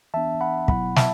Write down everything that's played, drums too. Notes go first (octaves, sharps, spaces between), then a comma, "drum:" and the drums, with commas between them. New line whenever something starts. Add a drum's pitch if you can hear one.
E3 B3 D4 E5 A5
F#5 B5
B2 F#3 B3 E4 F#5 B5, drum: kick
E5 A5, drum: snare